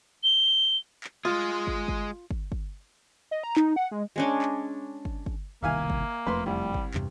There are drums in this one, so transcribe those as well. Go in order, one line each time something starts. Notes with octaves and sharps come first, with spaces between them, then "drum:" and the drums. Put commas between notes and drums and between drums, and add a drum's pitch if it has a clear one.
G7
drum: clap
G#3 F4 G#4
drum: kick
drum: kick
drum: kick
drum: kick
D#5
A#5
D#4, drum: clap
F#5
G#3
G#3 C#4 D4
drum: clap
drum: kick
drum: kick
E1 C2 D#3 A#3 E5 F5 G#5
drum: kick
E1 F2 A3 B4 C6
C2 G3
drum: kick
E2 G2 C3, drum: clap